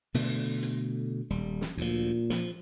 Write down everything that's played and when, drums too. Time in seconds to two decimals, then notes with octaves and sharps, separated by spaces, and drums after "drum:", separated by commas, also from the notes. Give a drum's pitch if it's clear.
0.14 B2 D3 A3, drum: open hi-hat
0.63 drum: hi-hat
1.30 D#1 G3
1.61 drum: snare
1.77 D2 A#2 F3
2.30 F3, drum: snare